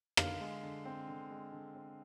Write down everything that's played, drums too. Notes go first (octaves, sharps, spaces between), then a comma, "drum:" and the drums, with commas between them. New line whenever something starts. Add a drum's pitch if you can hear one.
D3 F5, drum: rim click
G#3
D3
C4
D3
G#3
D3
C4